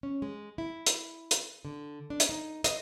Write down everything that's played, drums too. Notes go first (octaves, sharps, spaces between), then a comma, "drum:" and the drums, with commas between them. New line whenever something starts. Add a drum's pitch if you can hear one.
C#4
G#3
E4
drum: hi-hat
drum: hi-hat
D3
D4
drum: hi-hat
D#4
D#5, drum: hi-hat